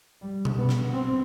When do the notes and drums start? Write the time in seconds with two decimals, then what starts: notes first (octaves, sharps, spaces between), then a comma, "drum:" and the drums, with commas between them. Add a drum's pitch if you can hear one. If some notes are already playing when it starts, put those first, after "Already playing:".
0.22 G3
0.45 drum: tom B2
0.57 B3
0.69 drum: snare
0.92 C4